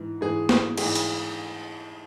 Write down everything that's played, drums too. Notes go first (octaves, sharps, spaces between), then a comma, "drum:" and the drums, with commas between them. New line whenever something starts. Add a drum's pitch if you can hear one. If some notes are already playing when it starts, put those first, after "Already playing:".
Already playing: G#2 E3
G#2 E3 G#4
drum: snare
G#2 E3 G#4, drum: cymbal
drum: hi-hat